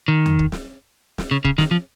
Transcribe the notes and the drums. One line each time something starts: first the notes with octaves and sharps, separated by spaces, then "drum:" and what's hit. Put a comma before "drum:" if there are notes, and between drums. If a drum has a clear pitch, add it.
D#3
drum: tom E2
drum: kick
drum: snare
drum: snare
C#3
C#3, drum: kick
D#3, drum: snare
F3